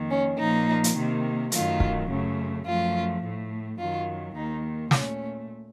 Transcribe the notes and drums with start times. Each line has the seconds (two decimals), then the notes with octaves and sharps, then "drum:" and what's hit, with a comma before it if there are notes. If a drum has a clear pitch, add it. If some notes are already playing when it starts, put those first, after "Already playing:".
Already playing: F2 D#3 A#3
0.10 C#4
0.39 A#2 F3 A#3 D#4
0.84 drum: hi-hat
0.96 C3 D#3 A#3
1.52 F#2 D#3 F#3 A3 F4, drum: hi-hat
1.80 drum: kick
2.09 F#2 C#3 A3
2.65 F#2 F3 A3 F4
3.22 A2 A3
3.78 F#2 D#3 F#3 F4
4.35 D#2 D#3 A#3 D#4
4.91 A#2 A3 C#4, drum: snare